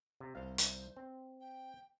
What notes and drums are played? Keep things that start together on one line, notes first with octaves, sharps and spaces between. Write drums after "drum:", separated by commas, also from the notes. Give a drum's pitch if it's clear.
C3
C2 C5 F5
drum: hi-hat
C4
G5